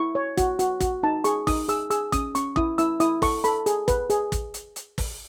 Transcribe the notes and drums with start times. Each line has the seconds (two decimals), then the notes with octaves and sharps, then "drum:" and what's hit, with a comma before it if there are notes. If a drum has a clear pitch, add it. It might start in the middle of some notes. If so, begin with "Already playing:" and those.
Already playing: E4 C#6
0.15 C#5
0.37 F#4, drum: kick, hi-hat
0.59 F#4, drum: hi-hat
0.80 F#4, drum: kick, hi-hat
1.03 D#4 A5
1.24 G#4 C#6, drum: hi-hat
1.47 D#4 D#6, drum: kick, open hi-hat
1.68 G#4 E6, drum: hi-hat
1.90 G#4 E6, drum: hi-hat
2.12 C#4 D#6, drum: kick, hi-hat
2.35 C#4 C#6, drum: hi-hat
2.56 E4 D#6, drum: kick
2.78 E4 E6, drum: hi-hat
3.00 E4 D#6, drum: hi-hat
3.22 A4 C#6, drum: kick, open hi-hat
3.44 A4 B5, drum: hi-hat
3.66 G#4, drum: hi-hat
3.88 B4, drum: kick, hi-hat
4.10 G#4, drum: hi-hat
4.32 drum: kick, hi-hat
4.54 drum: hi-hat
4.76 drum: hi-hat
4.98 drum: kick, open hi-hat